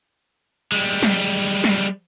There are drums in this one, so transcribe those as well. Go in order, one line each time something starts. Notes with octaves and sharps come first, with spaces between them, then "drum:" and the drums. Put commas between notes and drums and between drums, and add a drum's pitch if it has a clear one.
G3 G#3, drum: cymbal
drum: snare
drum: snare